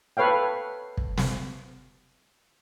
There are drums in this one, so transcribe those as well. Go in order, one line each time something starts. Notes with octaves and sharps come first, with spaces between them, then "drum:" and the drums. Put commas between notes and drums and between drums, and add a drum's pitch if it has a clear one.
A4 B4 C#5 F5 G5
drum: kick
drum: snare